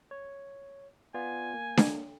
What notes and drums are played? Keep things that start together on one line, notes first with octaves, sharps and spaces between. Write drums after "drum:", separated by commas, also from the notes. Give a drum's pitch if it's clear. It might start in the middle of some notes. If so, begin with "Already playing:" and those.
C#5
B3 F4 D5 G#5
A#3
drum: snare D4